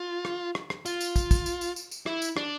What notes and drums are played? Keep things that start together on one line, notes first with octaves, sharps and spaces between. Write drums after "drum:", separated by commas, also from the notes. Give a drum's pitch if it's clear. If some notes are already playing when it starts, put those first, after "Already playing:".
Already playing: F4
drum: rim click
drum: rim click
drum: rim click
F4, drum: tambourine
drum: tambourine
drum: kick, tambourine
drum: kick, tambourine
drum: tambourine
drum: tambourine
drum: tambourine
drum: tambourine
E4, drum: rim click
drum: tambourine
D4, drum: rim click